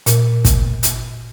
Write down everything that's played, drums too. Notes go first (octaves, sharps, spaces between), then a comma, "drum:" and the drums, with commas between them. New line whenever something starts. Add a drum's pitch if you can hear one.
A#2, drum: hi-hat
drum: kick, hi-hat
drum: hi-hat